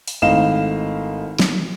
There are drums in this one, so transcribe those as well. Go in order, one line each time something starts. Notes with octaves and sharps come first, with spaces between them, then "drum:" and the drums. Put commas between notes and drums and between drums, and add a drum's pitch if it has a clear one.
drum: open hi-hat
G#1 A3 E4 D#5 F5 E7
drum: snare